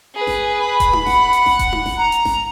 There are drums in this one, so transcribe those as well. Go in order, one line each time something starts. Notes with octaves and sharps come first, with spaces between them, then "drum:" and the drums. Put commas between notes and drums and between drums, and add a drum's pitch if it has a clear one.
G#4 B4
drum: snare G#1
B5
drum: kick D#1, hi-hat
drum: tom D#4
F#5, drum: snare G#1
drum: hi-hat
drum: snare G#1
drum: kick D#1, hi-hat
drum: tom D#4
drum: snare G#1
A#5
drum: hi-hat
drum: snare G#1